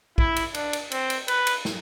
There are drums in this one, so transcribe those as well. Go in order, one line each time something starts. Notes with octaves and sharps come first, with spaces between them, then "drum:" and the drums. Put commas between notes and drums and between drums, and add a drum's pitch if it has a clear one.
E4, drum: kick A#1
drum: cymbal
D4, drum: cymbal
drum: cymbal
C4, drum: cymbal
drum: cymbal
B4, drum: cymbal
drum: cymbal
drum: snare